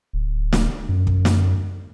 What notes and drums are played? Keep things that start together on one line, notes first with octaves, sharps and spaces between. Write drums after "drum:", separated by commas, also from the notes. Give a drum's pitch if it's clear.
D1
drum: snare
F#2
drum: kick
drum: snare